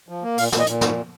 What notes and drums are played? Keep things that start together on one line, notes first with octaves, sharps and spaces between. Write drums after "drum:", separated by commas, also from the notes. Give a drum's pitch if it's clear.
F3
A#3
A#2 F5, drum: open hi-hat
A#2, drum: snare
D#5
A#2, drum: hi-hat
G#2, drum: snare